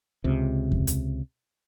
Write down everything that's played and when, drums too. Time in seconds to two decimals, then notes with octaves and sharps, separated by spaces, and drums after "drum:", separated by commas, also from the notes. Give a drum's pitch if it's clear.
0.24 C#2 C3
0.72 drum: kick E2
0.87 drum: hi-hat